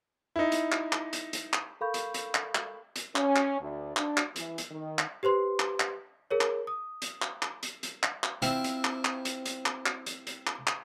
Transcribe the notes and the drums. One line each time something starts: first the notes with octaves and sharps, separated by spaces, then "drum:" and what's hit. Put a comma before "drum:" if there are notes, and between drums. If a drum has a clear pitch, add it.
D#4 E4
drum: hi-hat
drum: clap
drum: clap
drum: hi-hat
drum: hi-hat
drum: clap
A4 A#4 F5 B5 C#6 G6
drum: hi-hat
drum: hi-hat
drum: clap
drum: clap
drum: hi-hat
C#4, drum: clap
drum: clap
D2
D4, drum: clap
drum: clap
E3, drum: hi-hat
drum: hi-hat
D#3
drum: clap
G4 B4 C5 C6
drum: clap
drum: clap
G#4 A#4 C#5
drum: clap
D#6
drum: hi-hat
drum: clap
drum: clap
drum: hi-hat
drum: hi-hat
drum: clap
drum: clap
C4 E4 F4, drum: hi-hat
drum: hi-hat
drum: clap
drum: clap
drum: hi-hat
drum: hi-hat
drum: clap
drum: clap
drum: hi-hat
drum: hi-hat
drum: clap
drum: clap